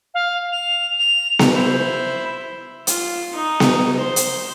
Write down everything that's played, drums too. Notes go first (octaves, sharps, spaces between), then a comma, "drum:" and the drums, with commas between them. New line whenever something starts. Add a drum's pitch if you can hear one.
F5
F7
F7
drum: snare B3
E4 C5
F4, drum: hi-hat
D#4
drum: snare B3
C5
drum: hi-hat